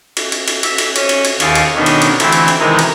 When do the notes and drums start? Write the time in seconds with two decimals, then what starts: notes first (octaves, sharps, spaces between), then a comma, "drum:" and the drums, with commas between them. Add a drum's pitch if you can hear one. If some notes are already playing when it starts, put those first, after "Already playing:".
0.17 drum: cymbal
0.32 drum: cymbal
0.48 drum: cymbal
0.63 E5, drum: cymbal
0.78 drum: cymbal
0.96 C#4, drum: cymbal
1.09 drum: cymbal
1.25 drum: cymbal
1.40 D#2 G#4 D5 F5 C#6, drum: cymbal
1.55 drum: cymbal
1.75 B2 D#3 C#4 D4
1.86 drum: cymbal
2.02 drum: cymbal
2.20 D3 E3 A3 C4 E4, drum: cymbal
2.32 drum: cymbal
2.48 drum: cymbal
2.59 C3 D#3 E3 G#3 A#4
2.79 drum: cymbal